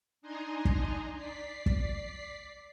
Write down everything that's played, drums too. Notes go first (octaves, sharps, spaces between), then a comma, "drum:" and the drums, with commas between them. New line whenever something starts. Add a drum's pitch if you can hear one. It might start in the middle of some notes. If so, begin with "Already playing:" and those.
D4 D#4 D#5 G#5 A#5 C6
drum: kick
D5 B6 C7
drum: kick